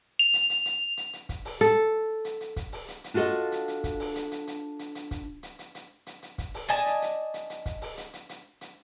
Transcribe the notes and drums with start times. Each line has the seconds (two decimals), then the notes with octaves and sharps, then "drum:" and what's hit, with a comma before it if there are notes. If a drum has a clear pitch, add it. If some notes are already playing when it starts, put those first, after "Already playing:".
0.19 F7
0.34 drum: hi-hat
0.50 drum: hi-hat
0.65 drum: hi-hat
0.97 drum: hi-hat
1.13 drum: hi-hat
1.29 drum: kick, hi-hat
1.45 drum: open hi-hat
1.61 A4, drum: hi-hat
2.25 drum: hi-hat
2.40 drum: hi-hat
2.56 drum: kick, hi-hat
2.72 drum: open hi-hat
2.88 drum: hi-hat
3.04 drum: hi-hat
3.14 D4 F4 F#4 A4 D#5
3.52 drum: hi-hat
3.68 drum: hi-hat
3.84 drum: kick, hi-hat
4.00 drum: open hi-hat
4.16 drum: hi-hat
4.31 drum: hi-hat
4.47 drum: hi-hat
4.79 drum: hi-hat
4.95 drum: hi-hat
5.11 drum: kick, hi-hat
5.43 drum: hi-hat
5.59 drum: hi-hat
5.75 drum: hi-hat
6.06 drum: hi-hat
6.22 drum: hi-hat
6.38 drum: kick, hi-hat
6.54 drum: open hi-hat
6.69 D5 D#5 G#5 A5, drum: hi-hat
6.86 drum: hi-hat
7.02 drum: hi-hat
7.34 drum: hi-hat
7.50 drum: hi-hat
7.66 drum: kick, hi-hat
7.82 drum: open hi-hat
7.97 drum: hi-hat
8.13 drum: hi-hat
8.29 drum: hi-hat
8.61 drum: hi-hat